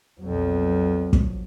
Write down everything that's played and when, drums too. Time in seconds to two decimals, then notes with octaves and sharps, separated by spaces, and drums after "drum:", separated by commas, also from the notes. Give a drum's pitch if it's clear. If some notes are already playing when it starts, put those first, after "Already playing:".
0.20 B1 F2 F3 F#3
1.13 drum: kick